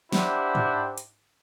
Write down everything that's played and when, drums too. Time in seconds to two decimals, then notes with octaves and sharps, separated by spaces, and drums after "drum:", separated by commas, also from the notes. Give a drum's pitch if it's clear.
0.12 D4 E4 G4 C5 F#5 G5, drum: snare
0.55 drum: tom G#2
0.98 drum: hi-hat